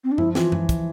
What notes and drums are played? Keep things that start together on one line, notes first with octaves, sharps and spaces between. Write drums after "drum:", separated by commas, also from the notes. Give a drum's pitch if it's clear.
C4
D4
F3 E4, drum: tom F#2
E3 F4, drum: snare
drum: tom F#2
drum: kick, hi-hat